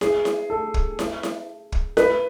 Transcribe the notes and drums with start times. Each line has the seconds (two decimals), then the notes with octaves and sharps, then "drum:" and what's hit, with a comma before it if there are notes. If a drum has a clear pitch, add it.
0.01 G#4, drum: snare E4
0.25 drum: snare E4
0.50 A4
0.74 drum: kick
0.99 drum: snare E4
1.23 drum: snare E4
1.72 drum: kick
1.97 B4, drum: snare E4